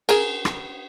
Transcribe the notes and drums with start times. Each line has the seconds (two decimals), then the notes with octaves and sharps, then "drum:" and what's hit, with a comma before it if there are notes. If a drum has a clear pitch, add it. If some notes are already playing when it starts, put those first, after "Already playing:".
0.09 G#4 A#4, drum: cymbal
0.45 drum: rim click